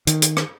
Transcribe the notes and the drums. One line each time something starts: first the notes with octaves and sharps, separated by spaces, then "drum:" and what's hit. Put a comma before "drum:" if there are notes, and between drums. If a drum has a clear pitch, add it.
D#3, drum: hi-hat
drum: hi-hat
drum: rim click